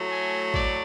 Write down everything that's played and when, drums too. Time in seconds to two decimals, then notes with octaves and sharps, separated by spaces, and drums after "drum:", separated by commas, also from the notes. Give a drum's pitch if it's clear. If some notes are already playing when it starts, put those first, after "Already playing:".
Already playing: A2 F#3 A3
0.11 G#5
0.54 D5, drum: kick G#1